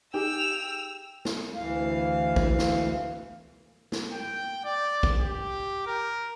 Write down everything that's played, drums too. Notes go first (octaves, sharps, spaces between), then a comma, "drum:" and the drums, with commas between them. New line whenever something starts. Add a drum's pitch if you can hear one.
D#4 G4 G#4 G5 E6 F7
drum: snare
D2 E3 F5
drum: kick
drum: snare
drum: snare
G5
D5
drum: kick
G4
A#4